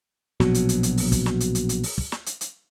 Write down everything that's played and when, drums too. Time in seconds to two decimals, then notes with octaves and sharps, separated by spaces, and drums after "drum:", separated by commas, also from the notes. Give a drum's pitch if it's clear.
0.40 A#1 B2 F#3, drum: snare
0.54 drum: hi-hat
0.69 drum: hi-hat
0.83 drum: hi-hat
0.97 drum: open hi-hat
1.12 drum: kick, hi-hat
1.26 drum: snare
1.40 drum: hi-hat
1.55 drum: hi-hat
1.69 drum: hi-hat
1.83 drum: open hi-hat
1.98 drum: kick
2.12 drum: snare
2.26 drum: hi-hat
2.41 drum: hi-hat